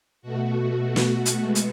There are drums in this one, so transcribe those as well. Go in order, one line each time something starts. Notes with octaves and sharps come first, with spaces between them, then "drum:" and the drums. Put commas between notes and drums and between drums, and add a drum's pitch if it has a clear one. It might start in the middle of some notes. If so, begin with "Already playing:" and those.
B2 A3 F#4
drum: snare
drum: hi-hat
B2 G#3 B3
drum: hi-hat